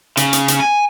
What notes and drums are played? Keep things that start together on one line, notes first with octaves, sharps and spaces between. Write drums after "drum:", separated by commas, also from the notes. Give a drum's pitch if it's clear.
C#3, drum: hi-hat
drum: hi-hat
drum: hi-hat
G#5